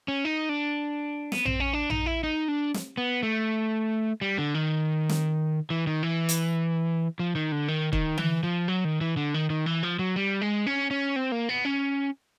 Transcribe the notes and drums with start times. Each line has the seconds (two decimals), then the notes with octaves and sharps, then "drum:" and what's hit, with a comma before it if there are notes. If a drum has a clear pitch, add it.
0.08 C#4
0.25 D#4
0.49 D4
1.32 B3, drum: snare
1.45 C4, drum: tom A#1
1.60 C#4
1.73 D4
1.90 D#4, drum: tom A#1
2.06 E4
2.24 D#4
2.48 D4
2.74 drum: snare
2.97 B3
3.23 A3
4.21 G3
4.38 D3
4.54 D#3
5.09 drum: snare
5.70 E3
5.87 D#3
6.03 E3
6.29 drum: hi-hat
7.19 F3
7.35 D#3
7.52 D3
7.68 D#3
7.93 D#3, drum: kick
8.18 E3, drum: tom D3
8.43 F3
8.68 F#3
8.85 D#3
9.01 E3
9.17 D3
9.34 D#3
9.50 D#3
9.66 E3
9.83 F3
9.99 F#3
10.16 G3
10.41 G#3
10.66 C#4
10.91 C#4
11.16 C4
11.32 A#3
11.49 B3
11.65 C#4